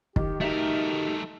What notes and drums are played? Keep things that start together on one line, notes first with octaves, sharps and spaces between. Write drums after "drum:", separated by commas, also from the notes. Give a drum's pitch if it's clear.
D#3 G4, drum: kick
A3 D#4 F#4 G4 A#4 E5